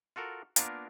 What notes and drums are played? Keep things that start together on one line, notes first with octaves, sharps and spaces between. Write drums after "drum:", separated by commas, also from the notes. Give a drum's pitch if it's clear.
F4 F#4 A4 A#4
A#3 B3 D4 F4 A#4, drum: hi-hat